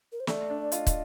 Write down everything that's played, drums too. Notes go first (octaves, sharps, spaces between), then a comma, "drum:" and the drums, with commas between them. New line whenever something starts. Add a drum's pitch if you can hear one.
A#4
C5
A3 D5, drum: snare
D4
F4 D#5, drum: hi-hat
drum: kick, hi-hat